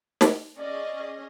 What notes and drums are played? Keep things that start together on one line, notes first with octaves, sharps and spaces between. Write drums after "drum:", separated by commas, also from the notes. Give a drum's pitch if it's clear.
drum: snare
C#4 G#4 D5 D#5